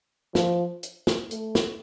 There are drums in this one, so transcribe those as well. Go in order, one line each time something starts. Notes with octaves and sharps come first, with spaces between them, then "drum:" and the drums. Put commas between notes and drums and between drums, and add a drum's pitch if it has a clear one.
F3, drum: snare
drum: hi-hat
drum: snare
A3, drum: hi-hat
drum: snare